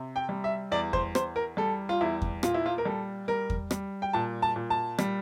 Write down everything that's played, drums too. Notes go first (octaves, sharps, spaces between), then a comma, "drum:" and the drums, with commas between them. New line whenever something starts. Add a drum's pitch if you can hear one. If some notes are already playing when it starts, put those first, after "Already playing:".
Already playing: C3
G5
G3
E5
E2 D5
C5, drum: kick E2
E2 C5, drum: rim click
A#4
G3 A4
F4
E2 E4
drum: kick E2
A#2 F4, drum: rim click
E4
F4
A#4
G3 A4
G3 A#4
drum: kick E2
G3, drum: rim click
G5
A#2 A5
A5
A#2
A5
G3, drum: rim click